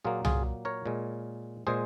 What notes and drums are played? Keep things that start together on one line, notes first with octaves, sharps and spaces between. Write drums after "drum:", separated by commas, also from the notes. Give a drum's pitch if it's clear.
A#2 F#3 A#3 F4 G#4
F4 G#4, drum: tom C2
A#4 C#5
A#2 G#3
A#2 G#3 G#4 C5